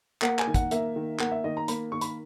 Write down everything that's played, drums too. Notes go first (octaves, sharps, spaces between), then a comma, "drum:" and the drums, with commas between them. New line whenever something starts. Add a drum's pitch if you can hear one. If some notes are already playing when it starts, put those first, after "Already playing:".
A#3 F#5, drum: clap
G#5, drum: clap
D#3
F#5, drum: kick, hi-hat
A#3 E5, drum: hi-hat
D#3
A#3 F#5, drum: clap
E5
D#3 D#5
A#5
A#3 B5, drum: hi-hat
D#3 C#6
B5, drum: hi-hat